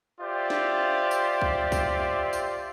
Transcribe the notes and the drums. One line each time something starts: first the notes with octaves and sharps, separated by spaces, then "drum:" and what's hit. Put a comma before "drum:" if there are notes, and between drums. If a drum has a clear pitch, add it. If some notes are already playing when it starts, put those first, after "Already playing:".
F4 G4 C5 D5 E5
drum: snare
drum: tambourine
drum: kick C2
drum: kick C2, tambourine
drum: tambourine